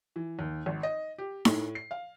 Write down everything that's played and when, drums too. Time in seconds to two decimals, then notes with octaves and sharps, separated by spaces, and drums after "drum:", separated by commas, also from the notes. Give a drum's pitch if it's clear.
0.16 E3
0.39 D#2
0.66 G#1
0.83 D#5
1.18 G4
1.45 A2, drum: snare D#4
1.75 C7
1.91 F5